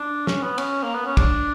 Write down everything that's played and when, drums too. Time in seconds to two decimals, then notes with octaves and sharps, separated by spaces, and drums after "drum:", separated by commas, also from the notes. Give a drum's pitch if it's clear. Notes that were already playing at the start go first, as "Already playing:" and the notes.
Already playing: D4
0.27 C#4, drum: snare
0.43 B3
0.58 C#4, drum: cymbal
0.83 A#3
0.94 B3
1.05 C#4
1.17 D4, drum: kick, cymbal